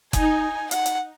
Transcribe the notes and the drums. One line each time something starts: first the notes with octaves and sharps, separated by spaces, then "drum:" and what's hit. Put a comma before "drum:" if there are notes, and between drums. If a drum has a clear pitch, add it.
D#4 G#5, drum: kick F#1, hi-hat
F#5, drum: hi-hat
drum: hi-hat